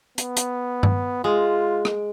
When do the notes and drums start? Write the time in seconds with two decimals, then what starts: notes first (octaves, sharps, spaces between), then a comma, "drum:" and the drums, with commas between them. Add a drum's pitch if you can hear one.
0.18 B3, drum: hi-hat
0.37 drum: hi-hat
0.83 drum: tom G2
1.24 G#3 F4
1.85 drum: rim click